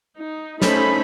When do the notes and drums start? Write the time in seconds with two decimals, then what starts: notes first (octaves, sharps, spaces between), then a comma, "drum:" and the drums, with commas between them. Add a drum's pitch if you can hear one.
0.17 D#4
0.62 A3 C#4 D#4 A4 C5 B5, drum: snare